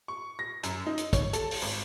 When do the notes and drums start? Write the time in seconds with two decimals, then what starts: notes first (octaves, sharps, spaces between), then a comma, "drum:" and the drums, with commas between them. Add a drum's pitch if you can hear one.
0.08 C#6
0.39 A#6
0.63 F#2, drum: hi-hat
0.87 D#4
0.98 drum: hi-hat
1.13 C#5, drum: kick, hi-hat
1.33 A4, drum: hi-hat
1.51 drum: open hi-hat
1.62 G#1